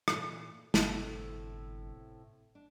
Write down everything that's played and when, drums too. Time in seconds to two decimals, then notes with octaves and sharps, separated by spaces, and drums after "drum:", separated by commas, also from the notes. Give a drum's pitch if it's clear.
0.08 A#2 E3 A3, drum: rim click
0.74 G1 A2 C3 A3, drum: snare
2.55 D4